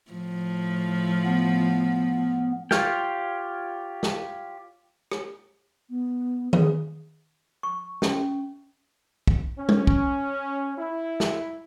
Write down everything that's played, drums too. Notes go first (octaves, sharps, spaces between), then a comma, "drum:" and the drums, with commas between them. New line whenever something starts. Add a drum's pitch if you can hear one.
A2 F3
B3
F4 G4 C#5 F5 G5, drum: snare
drum: snare
drum: rim click
B3
G#4, drum: tom D#3
C#6
C#4, drum: snare
drum: kick
C#4
drum: tom
drum: kick
E4
drum: snare